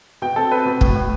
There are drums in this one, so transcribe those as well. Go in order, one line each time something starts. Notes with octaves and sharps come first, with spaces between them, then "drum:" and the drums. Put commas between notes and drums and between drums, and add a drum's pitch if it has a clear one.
B2 G5
C4 A4
C4 B4
B2
A2, drum: kick
A2